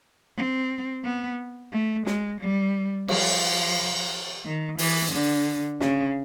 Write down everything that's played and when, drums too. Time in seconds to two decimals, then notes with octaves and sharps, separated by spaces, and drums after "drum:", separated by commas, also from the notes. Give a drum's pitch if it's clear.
0.37 C4
1.04 B3
1.72 A3
2.06 G#3, drum: snare
2.41 G3
3.08 F3, drum: cymbal
4.45 D#3
4.78 E3, drum: open hi-hat
5.13 D3
5.81 C#3, drum: snare